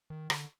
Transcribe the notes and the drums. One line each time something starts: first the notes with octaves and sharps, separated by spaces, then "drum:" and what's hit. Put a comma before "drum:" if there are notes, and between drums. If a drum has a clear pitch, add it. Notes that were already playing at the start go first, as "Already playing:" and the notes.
D#3
D3, drum: rim click